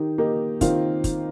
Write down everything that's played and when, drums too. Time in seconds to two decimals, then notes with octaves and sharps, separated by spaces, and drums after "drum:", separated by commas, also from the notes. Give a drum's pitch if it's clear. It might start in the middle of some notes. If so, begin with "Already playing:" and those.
Already playing: D#3 D#4 G4
0.18 A#3 D#4 G4
0.61 D#3 C4 F4, drum: kick, hi-hat
1.04 drum: kick, hi-hat